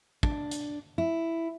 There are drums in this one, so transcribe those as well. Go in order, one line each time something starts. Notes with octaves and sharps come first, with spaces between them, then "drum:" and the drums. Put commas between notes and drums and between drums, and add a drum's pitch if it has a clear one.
D4, drum: kick
drum: hi-hat
E4